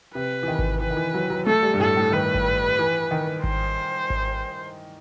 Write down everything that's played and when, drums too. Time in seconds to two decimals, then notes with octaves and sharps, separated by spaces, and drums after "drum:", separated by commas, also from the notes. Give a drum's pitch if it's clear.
0.15 C3 B4
0.43 E3
0.48 D#3
0.59 drum: kick G#1
0.81 E3 B4
0.90 D#3
0.97 E3
1.14 F#3
1.30 F#3
1.46 A3 A4
1.63 G3
1.74 G2
1.80 A2 A4
1.97 A2
2.12 D#3 B4
2.34 drum: kick G#1
2.79 E3
3.11 D#3
3.44 C5, drum: kick G#1
4.10 drum: kick G#1